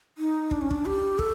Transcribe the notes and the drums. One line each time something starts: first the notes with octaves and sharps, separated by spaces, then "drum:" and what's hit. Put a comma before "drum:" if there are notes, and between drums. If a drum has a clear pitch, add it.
D#4
D4, drum: kick
C#4
D4, drum: kick
G4
A4, drum: kick